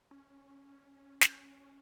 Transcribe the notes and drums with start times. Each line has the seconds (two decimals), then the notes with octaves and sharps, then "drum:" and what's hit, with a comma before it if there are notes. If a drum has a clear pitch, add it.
0.11 C#4
1.21 drum: snare